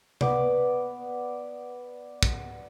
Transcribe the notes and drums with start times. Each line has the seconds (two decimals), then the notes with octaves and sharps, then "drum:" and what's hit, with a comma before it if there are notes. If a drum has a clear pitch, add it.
0.21 B3 D5, drum: tom C3
2.23 drum: kick